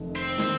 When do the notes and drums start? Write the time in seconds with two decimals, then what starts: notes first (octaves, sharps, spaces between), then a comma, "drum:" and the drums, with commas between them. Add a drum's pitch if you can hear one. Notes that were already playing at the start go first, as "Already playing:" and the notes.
Already playing: F1 F2 D#3
0.15 C4
0.38 D#3, drum: snare